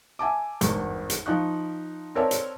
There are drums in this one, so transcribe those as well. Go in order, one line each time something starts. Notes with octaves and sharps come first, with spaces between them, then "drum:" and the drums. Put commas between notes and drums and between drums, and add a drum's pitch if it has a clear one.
E5 G#5 A5 D6
G#1 E2 G2 C#6, drum: hi-hat
drum: hi-hat
F3 D#4 F5 C#6 F#6
C4 A#4 C#5 D5 E5 A5
drum: hi-hat